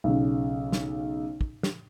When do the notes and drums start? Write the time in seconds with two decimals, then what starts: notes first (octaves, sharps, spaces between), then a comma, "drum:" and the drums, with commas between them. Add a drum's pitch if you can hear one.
0.04 B1 C#3
0.72 drum: snare
1.41 drum: kick
1.63 drum: snare